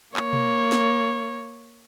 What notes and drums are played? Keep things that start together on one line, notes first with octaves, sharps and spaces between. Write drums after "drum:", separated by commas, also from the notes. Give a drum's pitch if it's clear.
A#3 C#5, drum: clap
drum: tom B2
drum: snare